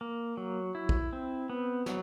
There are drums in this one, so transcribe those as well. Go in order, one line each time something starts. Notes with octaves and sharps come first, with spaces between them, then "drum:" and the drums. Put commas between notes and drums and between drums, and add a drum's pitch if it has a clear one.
A#3
F#3
E4
drum: kick
C4
B3
F#3, drum: snare